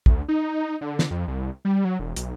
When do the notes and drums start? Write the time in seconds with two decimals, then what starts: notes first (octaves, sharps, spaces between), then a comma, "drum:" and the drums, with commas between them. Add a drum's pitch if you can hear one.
0.06 D2, drum: kick
0.29 D#4
0.81 D3
0.99 drum: snare
1.11 F2
1.28 C2
1.65 G3
1.85 F#3
1.99 E1
2.17 B1, drum: hi-hat